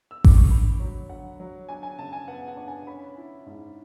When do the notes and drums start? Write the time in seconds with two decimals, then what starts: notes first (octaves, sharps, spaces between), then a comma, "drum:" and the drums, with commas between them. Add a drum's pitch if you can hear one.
0.11 E6
0.24 D6, drum: kick A1
0.37 C#6
0.50 D3 B5
0.80 F#3
1.09 D3 F#5
1.40 F#3
1.69 D4 G#5
1.83 G#5
1.98 C#3 A5
2.13 G#5
2.28 B3 F#5
2.48 F#5
2.57 D4
2.68 G#5
2.87 C#4 B5
3.17 E4
3.46 G#2